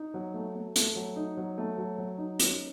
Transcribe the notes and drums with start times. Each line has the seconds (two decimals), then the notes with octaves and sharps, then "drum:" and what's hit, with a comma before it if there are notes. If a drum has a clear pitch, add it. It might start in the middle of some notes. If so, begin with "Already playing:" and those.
Already playing: D#4
0.14 F#3
0.34 A3
0.55 A3
0.76 A3, drum: hi-hat
0.95 F#3
1.16 D#4
1.37 F#3
1.58 A3
1.78 F#3
1.98 F#3
2.18 D#4
2.39 C#4, drum: hi-hat